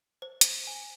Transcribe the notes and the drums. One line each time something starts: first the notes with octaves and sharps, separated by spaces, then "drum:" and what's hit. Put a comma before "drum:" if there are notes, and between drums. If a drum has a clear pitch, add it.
C5
drum: hi-hat
G#5